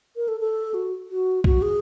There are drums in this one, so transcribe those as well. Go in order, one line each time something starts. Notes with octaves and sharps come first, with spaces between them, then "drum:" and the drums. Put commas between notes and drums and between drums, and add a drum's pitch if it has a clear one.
A#4
A4
A4
F#4
F#4
F#4, drum: kick
G#4